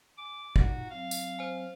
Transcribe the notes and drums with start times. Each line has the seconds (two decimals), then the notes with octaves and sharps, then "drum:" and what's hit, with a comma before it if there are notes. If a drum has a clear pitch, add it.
0.18 G#5 D6
0.56 A#2 D#4 F#4, drum: kick
0.90 F#3 C4 F5
1.11 drum: tambourine
1.39 C5 G#5